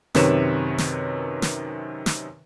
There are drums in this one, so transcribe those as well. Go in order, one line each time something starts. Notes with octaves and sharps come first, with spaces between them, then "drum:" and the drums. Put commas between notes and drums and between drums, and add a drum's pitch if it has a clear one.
F#2 C3 D#3 B4 C#5 E7, drum: snare
drum: snare
drum: snare
drum: snare